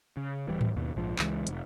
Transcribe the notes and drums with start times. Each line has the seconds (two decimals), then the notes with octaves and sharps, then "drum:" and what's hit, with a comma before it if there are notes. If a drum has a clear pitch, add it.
0.17 C#3
0.48 D1 E3 G3
0.61 drum: tom G#2
0.76 D#2 B2
0.96 A#1 G#2 F3
1.19 C#2 E3 G#3, drum: clap
1.47 F1, drum: hi-hat